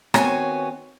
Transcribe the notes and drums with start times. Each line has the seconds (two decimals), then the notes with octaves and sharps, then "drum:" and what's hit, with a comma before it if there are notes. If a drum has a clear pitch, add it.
0.14 D#2 B3 C4 F#4 C#5 G#5, drum: rim click